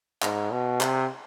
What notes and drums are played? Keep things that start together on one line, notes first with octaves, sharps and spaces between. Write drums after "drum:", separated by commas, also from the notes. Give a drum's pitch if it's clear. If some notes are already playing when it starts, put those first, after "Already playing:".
G#2, drum: clap
B2
C3, drum: clap